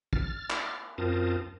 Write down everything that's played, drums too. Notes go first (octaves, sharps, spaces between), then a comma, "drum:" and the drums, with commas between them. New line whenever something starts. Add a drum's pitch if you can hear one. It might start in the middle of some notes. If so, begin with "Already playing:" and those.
F6 A6, drum: kick
drum: clap
F#2 C4 F4 A#4 A5 D#6